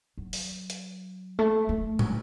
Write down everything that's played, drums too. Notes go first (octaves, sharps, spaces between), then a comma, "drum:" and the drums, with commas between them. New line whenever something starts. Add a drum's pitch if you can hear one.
F#3
drum: open hi-hat
drum: hi-hat
A3
A3
F#3, drum: tom